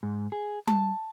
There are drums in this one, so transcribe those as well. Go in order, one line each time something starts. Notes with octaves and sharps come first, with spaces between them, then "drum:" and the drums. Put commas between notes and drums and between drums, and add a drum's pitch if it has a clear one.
G#2
G#4
A5, drum: tom G3